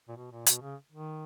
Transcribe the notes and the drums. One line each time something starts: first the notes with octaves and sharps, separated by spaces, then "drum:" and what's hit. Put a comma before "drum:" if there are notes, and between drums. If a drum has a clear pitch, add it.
A#2
B2
A#2
B2, drum: hi-hat
C#3
D#3